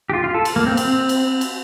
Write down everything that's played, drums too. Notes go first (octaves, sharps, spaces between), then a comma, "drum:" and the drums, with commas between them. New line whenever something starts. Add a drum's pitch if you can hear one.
G4
F4
F4
A4
drum: cymbal
A#3
C4
C4, drum: cymbal
drum: cymbal
drum: cymbal